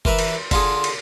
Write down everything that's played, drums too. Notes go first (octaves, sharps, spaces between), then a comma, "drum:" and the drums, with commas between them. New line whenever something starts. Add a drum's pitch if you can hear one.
E3 A#4 B4 E5, drum: kick F#1
drum: cymbal
D3 F4 G#4, drum: kick F#1, cymbal
drum: cymbal